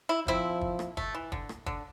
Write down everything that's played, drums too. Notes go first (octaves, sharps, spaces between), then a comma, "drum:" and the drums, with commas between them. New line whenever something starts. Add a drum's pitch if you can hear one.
E4
F3 C4 E4, drum: kick
drum: kick
drum: rim click
A3, drum: kick
E3
D3, drum: kick
drum: rim click
D3, drum: kick